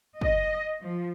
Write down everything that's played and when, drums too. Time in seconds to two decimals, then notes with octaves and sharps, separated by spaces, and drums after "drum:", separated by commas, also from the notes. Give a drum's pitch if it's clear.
0.21 D#5, drum: kick
0.82 F3